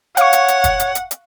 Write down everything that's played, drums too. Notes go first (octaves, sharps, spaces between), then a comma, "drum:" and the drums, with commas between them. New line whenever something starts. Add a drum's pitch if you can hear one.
C#5 F5 F#5 C#6, drum: hi-hat
drum: hi-hat
drum: hi-hat
drum: kick, hi-hat
drum: hi-hat
drum: hi-hat
drum: hi-hat